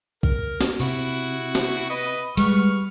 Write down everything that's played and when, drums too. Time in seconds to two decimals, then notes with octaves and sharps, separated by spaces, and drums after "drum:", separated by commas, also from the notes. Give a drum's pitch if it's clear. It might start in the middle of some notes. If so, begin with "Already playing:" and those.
0.23 A#4, drum: kick B1
0.61 drum: snare
0.80 C3 E4 F#4, drum: open hi-hat
1.55 drum: snare
1.90 B4 D#5
2.37 G3 G#3 B3 C#6 F6, drum: hi-hat